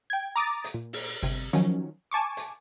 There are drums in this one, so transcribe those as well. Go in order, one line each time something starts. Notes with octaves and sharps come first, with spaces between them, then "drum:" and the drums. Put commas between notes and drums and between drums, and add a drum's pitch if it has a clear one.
G5 G#6
A#5 D6 D#6 A6
drum: hi-hat
A#2
drum: open hi-hat
G1 C3, drum: hi-hat
D#3 F3 F#3 C#4, drum: hi-hat
G#5 A5 C#6 D6
drum: hi-hat